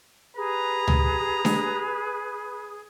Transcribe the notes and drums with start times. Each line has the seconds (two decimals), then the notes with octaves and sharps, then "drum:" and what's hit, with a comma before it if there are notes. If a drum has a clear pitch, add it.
0.36 G4 G#4 B4 A#5
0.88 drum: tom C#2
1.45 drum: snare D4